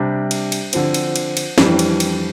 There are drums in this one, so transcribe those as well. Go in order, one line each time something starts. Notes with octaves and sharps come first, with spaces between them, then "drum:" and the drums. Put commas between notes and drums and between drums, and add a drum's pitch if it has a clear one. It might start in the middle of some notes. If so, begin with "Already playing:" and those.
Already playing: C3 G3 D4 G4
drum: cymbal
drum: cymbal
D3 F3 C4, drum: cymbal
drum: cymbal
drum: cymbal
drum: cymbal
F2 E3 G3 D4, drum: snare
drum: cymbal
drum: cymbal